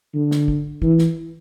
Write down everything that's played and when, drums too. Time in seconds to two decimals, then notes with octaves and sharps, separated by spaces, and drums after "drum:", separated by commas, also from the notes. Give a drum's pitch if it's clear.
0.14 D3
0.31 drum: snare
0.48 drum: kick
0.82 E3, drum: kick
0.98 drum: snare